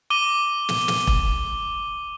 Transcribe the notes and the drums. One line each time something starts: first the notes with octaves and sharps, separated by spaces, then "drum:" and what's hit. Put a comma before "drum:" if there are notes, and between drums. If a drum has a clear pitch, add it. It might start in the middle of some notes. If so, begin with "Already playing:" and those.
D6 D#7 G7
drum: snare
drum: snare
drum: kick E1